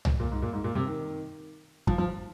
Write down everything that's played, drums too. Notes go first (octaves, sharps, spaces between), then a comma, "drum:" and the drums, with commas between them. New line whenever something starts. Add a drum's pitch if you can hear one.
drum: tom C2
A#2
G#2
A#2
G#2
A#2
C3
D#3
F3, drum: kick
F3